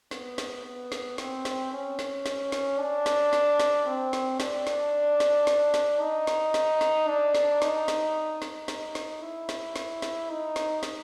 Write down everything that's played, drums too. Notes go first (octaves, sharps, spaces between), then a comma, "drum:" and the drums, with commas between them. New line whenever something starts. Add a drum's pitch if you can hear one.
B3, drum: snare
drum: snare
B3
drum: snare
C4, drum: snare
drum: snare
C#4
drum: snare
drum: snare
drum: snare
D4
drum: snare
drum: snare
drum: snare
C4
drum: snare
D4, drum: snare
drum: snare
drum: snare
drum: snare
drum: snare
D#4
drum: snare
drum: snare
drum: snare
D4
drum: snare
D#4, drum: snare
drum: snare
drum: snare
D#4, drum: snare
drum: snare
E4
drum: snare
drum: snare
drum: snare
D#4
drum: snare
drum: snare